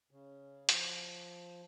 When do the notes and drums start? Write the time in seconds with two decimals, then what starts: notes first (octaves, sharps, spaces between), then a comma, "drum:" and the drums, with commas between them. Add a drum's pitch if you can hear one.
0.11 C#3
0.69 F3, drum: hi-hat